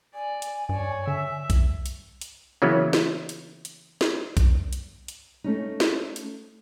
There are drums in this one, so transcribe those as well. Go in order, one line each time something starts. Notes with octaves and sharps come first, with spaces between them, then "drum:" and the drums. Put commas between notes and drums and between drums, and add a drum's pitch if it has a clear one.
D5 G#5
drum: hi-hat
G2 C#5 D5
D3 E5
drum: kick B1, hi-hat
drum: hi-hat
drum: hi-hat
C#3 E3 F#3 A#3 B3
drum: snare
drum: hi-hat
drum: hi-hat
drum: snare
drum: kick B1, hi-hat
drum: hi-hat
drum: hi-hat
A3 C#4 D#4
drum: snare
drum: hi-hat